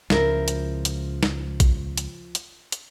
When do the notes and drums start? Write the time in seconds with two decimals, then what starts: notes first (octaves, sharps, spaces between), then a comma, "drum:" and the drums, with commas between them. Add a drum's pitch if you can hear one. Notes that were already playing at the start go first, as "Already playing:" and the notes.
0.10 C#2 F3 E4 A#4, drum: snare
0.48 drum: hi-hat
0.85 drum: hi-hat
1.23 drum: snare
1.60 drum: kick A#1, hi-hat
1.98 drum: hi-hat
2.35 drum: hi-hat
2.72 drum: hi-hat